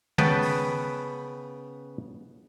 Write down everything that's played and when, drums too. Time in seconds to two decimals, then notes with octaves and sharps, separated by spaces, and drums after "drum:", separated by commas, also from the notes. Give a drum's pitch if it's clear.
0.18 C#3 B3 B4 G5 A5, drum: tom
0.43 drum: open hi-hat